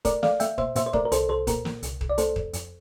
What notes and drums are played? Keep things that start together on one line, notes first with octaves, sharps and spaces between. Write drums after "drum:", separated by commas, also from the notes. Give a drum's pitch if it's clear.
A3 A#4 D5, drum: kick D#1, hi-hat
A3 D5 F5, drum: snare
A3 E5 G5, drum: hi-hat
A#2 C5 E5, drum: kick D#1
A#2 C5 E5, drum: hi-hat
C5
A3 A#4 D5, drum: kick D#1
A#4
C2 A4 C5, drum: hi-hat
C2 A4 C5
A#2 A#4, drum: kick D#1, hi-hat
A#2, drum: snare
C2, drum: hi-hat
C2, drum: kick D#1
D5
A3 A4 C5, drum: hi-hat
F2, drum: kick D#1
F2, drum: hi-hat